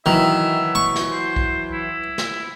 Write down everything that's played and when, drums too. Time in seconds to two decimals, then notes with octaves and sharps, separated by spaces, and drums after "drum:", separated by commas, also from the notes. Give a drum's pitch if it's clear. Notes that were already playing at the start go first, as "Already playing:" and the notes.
0.06 D#3 E3 F#3 E5
0.75 C#6
0.96 drum: snare
1.12 C5
1.36 drum: kick B1
1.72 E4
2.18 drum: snare